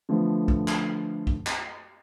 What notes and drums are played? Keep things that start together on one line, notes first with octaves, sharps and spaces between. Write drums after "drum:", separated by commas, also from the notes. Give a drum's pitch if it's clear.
D3 F3 A3 B3
drum: kick B1
drum: clap
drum: kick B1
drum: clap